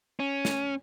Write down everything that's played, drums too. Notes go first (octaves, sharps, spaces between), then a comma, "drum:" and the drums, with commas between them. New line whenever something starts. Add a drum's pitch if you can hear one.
C#4
drum: snare